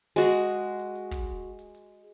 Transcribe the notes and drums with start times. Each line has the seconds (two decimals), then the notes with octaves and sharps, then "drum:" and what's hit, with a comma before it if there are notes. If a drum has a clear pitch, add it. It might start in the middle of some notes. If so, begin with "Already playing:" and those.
0.16 G#3 F#4
0.32 drum: hi-hat
0.48 drum: hi-hat
0.80 drum: hi-hat
0.95 drum: hi-hat
1.11 drum: kick, hi-hat
1.27 drum: hi-hat
1.59 drum: hi-hat
1.75 drum: hi-hat